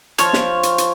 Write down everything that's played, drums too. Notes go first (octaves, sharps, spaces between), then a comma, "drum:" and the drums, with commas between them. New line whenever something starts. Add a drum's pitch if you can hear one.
F3 F4 C5 C#5, drum: hi-hat
drum: snare
drum: hi-hat
drum: hi-hat